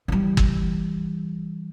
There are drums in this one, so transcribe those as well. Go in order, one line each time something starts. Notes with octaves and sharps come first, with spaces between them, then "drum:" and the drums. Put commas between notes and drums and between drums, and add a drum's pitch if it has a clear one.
E3 G3
drum: kick